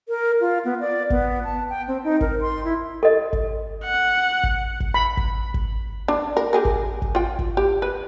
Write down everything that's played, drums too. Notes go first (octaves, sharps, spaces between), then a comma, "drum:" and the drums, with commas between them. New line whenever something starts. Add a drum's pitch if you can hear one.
A#4
F4
B3
D5
B3, drum: kick G#1
A5
G5
C4
D#4
A#4, drum: kick G#1
C6
E4
A4 D#5
drum: kick G#1
F#5
drum: kick G#1
drum: kick G#1
B5
drum: kick G#1
drum: kick G#1
D4
A#4
G4 G#4 A#4
drum: kick G#1
drum: kick G#1
F4 G5
drum: kick G#1
G4
B4